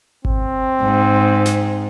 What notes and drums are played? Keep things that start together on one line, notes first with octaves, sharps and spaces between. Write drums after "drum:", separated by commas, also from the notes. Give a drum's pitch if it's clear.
C4, drum: kick G#1
G#2
drum: snare